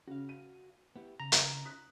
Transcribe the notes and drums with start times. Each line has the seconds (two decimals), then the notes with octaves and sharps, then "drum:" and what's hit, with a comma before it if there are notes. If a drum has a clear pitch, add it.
0.08 C#3 F#4 F5
0.29 D#7
0.96 B3 E4 G4
1.20 C#3 A#5
1.32 drum: hi-hat
1.65 D#6 F#6 B6